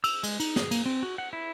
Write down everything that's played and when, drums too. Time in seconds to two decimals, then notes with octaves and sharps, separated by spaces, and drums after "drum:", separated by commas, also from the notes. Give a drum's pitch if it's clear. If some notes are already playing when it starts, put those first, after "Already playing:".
0.04 E6, drum: cymbal
0.23 G#3, drum: cymbal
0.40 D#4, drum: cymbal
0.56 G#4, drum: snare
0.71 A#3, drum: cymbal
0.86 C4
1.03 F#4
1.18 F#5
1.33 E4